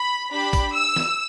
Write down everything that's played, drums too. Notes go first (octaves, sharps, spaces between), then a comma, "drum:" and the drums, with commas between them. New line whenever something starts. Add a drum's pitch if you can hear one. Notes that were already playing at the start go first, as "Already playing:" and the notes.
Already playing: B5
D4 G4 B5
drum: kick, tambourine
E6
drum: snare